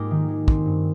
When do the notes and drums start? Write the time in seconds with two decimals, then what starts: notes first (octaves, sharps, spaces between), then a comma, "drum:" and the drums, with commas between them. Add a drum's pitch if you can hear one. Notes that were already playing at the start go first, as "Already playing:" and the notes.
Already playing: G#2 G#3 A#3 F4 G4 A#4
0.11 D#3
0.28 G#3
0.48 C4, drum: kick
0.66 G2